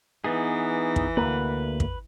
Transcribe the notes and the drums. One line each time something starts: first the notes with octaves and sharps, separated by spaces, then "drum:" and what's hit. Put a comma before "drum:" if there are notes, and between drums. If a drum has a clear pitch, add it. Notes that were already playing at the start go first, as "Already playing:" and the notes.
E3 B3 D#4 G#4
drum: kick
D2 A3 A#3 B4
drum: kick